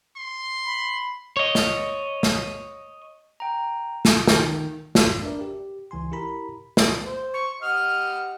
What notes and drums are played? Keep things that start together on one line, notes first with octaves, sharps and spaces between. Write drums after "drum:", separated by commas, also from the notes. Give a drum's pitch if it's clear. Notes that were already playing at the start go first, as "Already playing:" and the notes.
C6
B5
C#5 D#5
drum: snare
drum: snare
G5 A#5
drum: snare
D#3, drum: snare
G#1 F2, drum: snare
D4 A#4 B4 D5 E5
G4
C#2 E3 G#5 C6
E4 G4 A#4 A#5 B5
drum: snare
C5
C#6
G4 D#5 F#5 F6